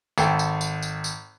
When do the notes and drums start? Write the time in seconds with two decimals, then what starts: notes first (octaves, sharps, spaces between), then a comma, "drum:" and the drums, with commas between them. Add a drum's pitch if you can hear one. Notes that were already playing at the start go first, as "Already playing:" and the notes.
0.18 G#1 A4 G5, drum: tambourine
0.39 drum: tambourine
0.61 drum: tambourine
0.82 drum: tambourine
1.04 drum: tambourine